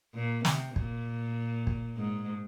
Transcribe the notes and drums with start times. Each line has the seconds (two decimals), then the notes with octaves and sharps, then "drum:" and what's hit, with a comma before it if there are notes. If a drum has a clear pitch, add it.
0.15 A#2
0.45 C3, drum: snare
0.76 A#2, drum: kick
1.67 drum: kick
1.97 G#2